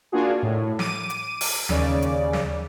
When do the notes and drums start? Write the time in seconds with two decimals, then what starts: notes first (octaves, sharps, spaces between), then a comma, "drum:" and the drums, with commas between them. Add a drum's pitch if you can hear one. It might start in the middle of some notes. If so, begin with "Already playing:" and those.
0.12 A#3 D4 F4 F#4 G#4
0.43 A2
0.79 D6 D#7, drum: snare
1.10 drum: hi-hat
1.41 drum: open hi-hat
1.69 D#2 C#3 D5, drum: snare
2.02 drum: hi-hat
2.33 drum: snare